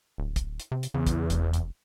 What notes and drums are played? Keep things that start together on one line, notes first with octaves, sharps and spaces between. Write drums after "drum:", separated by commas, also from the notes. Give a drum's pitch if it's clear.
D1
drum: kick, hi-hat
drum: hi-hat
C3
drum: hi-hat
E2 C#3
drum: kick, hi-hat
F1, drum: hi-hat
drum: hi-hat